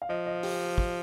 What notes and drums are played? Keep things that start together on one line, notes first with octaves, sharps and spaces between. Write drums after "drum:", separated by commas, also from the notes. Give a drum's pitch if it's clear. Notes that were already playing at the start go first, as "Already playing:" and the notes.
F5
F3 D#5
D#5
G4, drum: open hi-hat
drum: kick